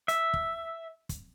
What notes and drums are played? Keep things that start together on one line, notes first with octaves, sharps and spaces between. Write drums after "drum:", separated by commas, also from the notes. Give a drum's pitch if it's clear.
E5, drum: hi-hat
drum: kick
drum: kick, hi-hat